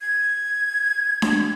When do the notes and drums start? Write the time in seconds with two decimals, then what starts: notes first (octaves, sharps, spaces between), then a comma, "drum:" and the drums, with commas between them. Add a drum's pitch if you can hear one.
0.01 G#6
1.22 drum: snare D4